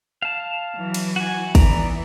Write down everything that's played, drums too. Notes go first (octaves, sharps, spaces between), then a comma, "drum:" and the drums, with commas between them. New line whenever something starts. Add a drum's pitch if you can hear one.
F5 A5
E3 F#3
drum: cymbal
F#4 G#5
E3 B3 D5 A#5, drum: kick, cymbal